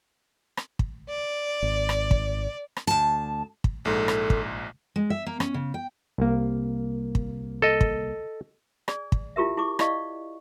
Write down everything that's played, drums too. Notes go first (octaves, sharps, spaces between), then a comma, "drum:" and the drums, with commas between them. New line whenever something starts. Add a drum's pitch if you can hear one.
drum: rim click
drum: kick
D5
G#1
drum: rim click
drum: kick
drum: rim click
D2 A5
drum: kick
A#1 G#2 A4
drum: rim click
drum: kick
G#3
E5
A#3
C#4, drum: rim click
C#3
G5
C2 A#3
drum: kick
A4 D#5
drum: kick
G#4 D5 G#5, drum: rim click
drum: kick
E4 F4 G4 A#4 E5
E4 G#4 C#6 D6
E4 D5 D#5 F5 C#6, drum: rim click